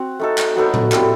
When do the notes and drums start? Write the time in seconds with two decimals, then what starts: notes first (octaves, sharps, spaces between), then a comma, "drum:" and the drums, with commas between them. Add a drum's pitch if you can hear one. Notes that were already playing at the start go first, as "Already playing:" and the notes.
Already playing: C4 F#4
0.20 A3 D#4 A4
0.38 drum: clap
0.56 F#3 B3 D#4 A4
0.74 drum: tom
0.92 G3 C4 E4 A4, drum: clap